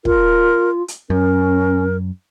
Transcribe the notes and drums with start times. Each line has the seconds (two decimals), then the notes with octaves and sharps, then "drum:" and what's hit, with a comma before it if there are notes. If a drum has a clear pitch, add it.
0.05 F4 A#4, drum: kick
0.88 drum: hi-hat
1.10 F#2 C#4 A#4